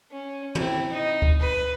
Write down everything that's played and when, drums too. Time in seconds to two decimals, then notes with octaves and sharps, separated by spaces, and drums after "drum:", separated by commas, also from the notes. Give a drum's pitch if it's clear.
0.11 C#4
0.55 C4 E4, drum: tom
0.90 D#4
1.22 drum: kick D2
1.40 B4